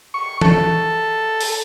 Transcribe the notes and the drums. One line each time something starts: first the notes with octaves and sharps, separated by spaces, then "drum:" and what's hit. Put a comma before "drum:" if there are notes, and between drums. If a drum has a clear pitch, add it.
C#6
A4, drum: tom E3
drum: open hi-hat